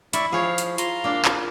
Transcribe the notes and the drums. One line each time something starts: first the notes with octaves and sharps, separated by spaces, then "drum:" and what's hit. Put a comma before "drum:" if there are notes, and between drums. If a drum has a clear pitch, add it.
E4 D5 E5 C#6, drum: hi-hat
F3 G#4 C#5 F5
drum: hi-hat
F4 A#5 C6, drum: hi-hat
A#3 D4
drum: clap